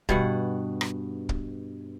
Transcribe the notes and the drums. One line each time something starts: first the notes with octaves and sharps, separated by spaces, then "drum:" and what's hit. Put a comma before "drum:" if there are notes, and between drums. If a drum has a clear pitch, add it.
G2 B2 F#5, drum: kick
drum: rim click
drum: kick